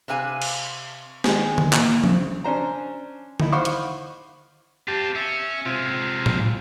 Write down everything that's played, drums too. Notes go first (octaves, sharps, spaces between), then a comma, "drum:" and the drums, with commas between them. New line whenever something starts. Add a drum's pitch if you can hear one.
C3 B4 F5 G#5
drum: cymbal
D#3 G#3, drum: snare
drum: tom D3
A#2 E3, drum: clap
C#3 C4, drum: tom F3
C#4 D4 C5 A#5
D#4 E4, drum: tom D3
C5 F5 F#5 B5 C#6 D6
drum: hi-hat
C4 F4 G4 A5
C#4 E5
C3 G#3 C4 F4
drum: tom A2